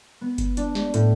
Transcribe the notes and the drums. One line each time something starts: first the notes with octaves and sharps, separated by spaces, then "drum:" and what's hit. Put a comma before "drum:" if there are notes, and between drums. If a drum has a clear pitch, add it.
B3
drum: kick F#1, hi-hat
D4, drum: hi-hat
drum: snare
A2, drum: hi-hat